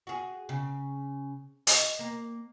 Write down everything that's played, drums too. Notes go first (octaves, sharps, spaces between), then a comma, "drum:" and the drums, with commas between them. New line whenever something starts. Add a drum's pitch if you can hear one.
F#4 G#4
C#3
D#5, drum: hi-hat
A#3